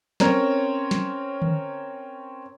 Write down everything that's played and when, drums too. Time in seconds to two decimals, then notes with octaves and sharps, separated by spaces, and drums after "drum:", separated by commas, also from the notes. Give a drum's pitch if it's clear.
0.20 C4 C#4 A#4 C#5 A#5, drum: snare
0.91 drum: snare
1.42 drum: tom D3